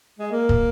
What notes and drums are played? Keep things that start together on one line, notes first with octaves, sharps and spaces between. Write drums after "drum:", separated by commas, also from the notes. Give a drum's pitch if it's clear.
G#3
A#3
drum: kick